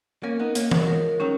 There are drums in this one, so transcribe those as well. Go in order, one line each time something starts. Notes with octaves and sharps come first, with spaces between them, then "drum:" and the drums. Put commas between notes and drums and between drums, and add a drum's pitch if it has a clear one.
A#3 C#4 A#4
B3 D#4
A#3 C#4 C#5, drum: hi-hat
G#3 B3, drum: tom E3
F#3
F3 G#3 A#4
D#3 F#3 C#4